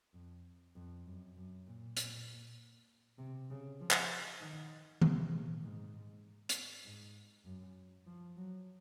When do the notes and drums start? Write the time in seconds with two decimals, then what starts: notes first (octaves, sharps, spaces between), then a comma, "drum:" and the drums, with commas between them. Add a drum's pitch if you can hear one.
0.14 F2
0.75 F2
1.06 F#2
1.36 F#2
1.67 A#2
1.97 A#2, drum: hi-hat
3.18 C3
3.50 C#3
3.80 F3
3.91 drum: clap
4.40 D#3
5.02 C3, drum: tom D#3
5.31 A#2
5.62 G#2
6.49 drum: hi-hat
6.85 G#2
7.44 F#2
8.06 F3
8.37 F#3